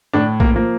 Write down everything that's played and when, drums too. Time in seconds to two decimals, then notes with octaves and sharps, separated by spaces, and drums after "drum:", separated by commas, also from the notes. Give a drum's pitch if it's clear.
0.13 A2 D4
0.40 A#3, drum: kick A#1
0.53 F3 A#3